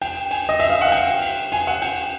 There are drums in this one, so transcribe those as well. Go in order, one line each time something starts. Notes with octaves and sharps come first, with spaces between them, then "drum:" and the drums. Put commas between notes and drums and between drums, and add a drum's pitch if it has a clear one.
G5, drum: cymbal
G#5, drum: cymbal
D#5
E5, drum: cymbal
F5
F#5
G5, drum: cymbal
drum: cymbal
G#5, drum: cymbal
F#5
G5, drum: cymbal